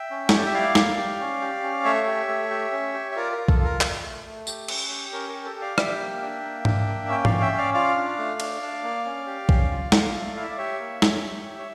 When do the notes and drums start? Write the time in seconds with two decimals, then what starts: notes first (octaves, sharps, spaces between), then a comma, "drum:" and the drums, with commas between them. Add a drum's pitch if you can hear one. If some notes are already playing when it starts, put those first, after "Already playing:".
Already playing: E5 G5
0.11 C#4
0.29 G4 C#5, drum: snare
0.37 D5
0.46 E5
0.54 E4 D5 F5
0.75 A#3, drum: snare
0.98 G4
1.19 C#4
1.41 G4
1.63 C#4
1.85 A3 C#5 E5
2.06 G4
2.29 A3
2.50 G4
2.72 C#4
2.94 G4
3.12 E5
3.16 F4 A#4 D5
3.32 A#4
3.38 F4
3.48 A4, drum: kick
3.59 F4
3.64 A#4
3.81 A3, drum: clap
4.03 A3
4.25 A3
4.47 G4, drum: tambourine
4.68 C#4, drum: cymbal
4.90 G4
5.13 C#4 A#4
5.29 G4 A#4
5.45 A4
5.56 G4
5.61 D5 F5
5.78 G4 E5 G5, drum: rim click
5.99 A#3
6.22 D4
6.44 A#3
6.65 D4, drum: tom G#2
6.87 A#3
7.09 C#4 G5
7.25 D5 F5, drum: tom G#2
7.30 C#4
7.41 E5 G5
7.53 C#4
7.58 D5 F5
7.74 F4 D5 F5
7.96 D4
8.18 A3
8.40 D4, drum: cymbal
8.62 D4
8.84 A#3
9.05 C#4
9.27 G4
9.49 C#4, drum: kick
9.71 F4
9.92 F4, drum: snare
10.15 A3
10.36 E4 F5
10.44 E5
10.51 D5
10.58 G4 C#5 E5
10.80 A#3
11.02 C#4, drum: snare
11.24 G4
11.45 G4
11.59 C#5